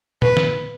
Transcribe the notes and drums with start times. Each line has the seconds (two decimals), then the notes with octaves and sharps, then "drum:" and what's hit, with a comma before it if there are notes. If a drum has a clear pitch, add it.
0.22 B4, drum: tom A#2
0.37 drum: snare